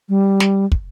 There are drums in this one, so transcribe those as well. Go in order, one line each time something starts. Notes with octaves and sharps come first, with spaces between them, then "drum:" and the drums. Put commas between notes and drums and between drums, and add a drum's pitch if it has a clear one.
G3
drum: snare
drum: kick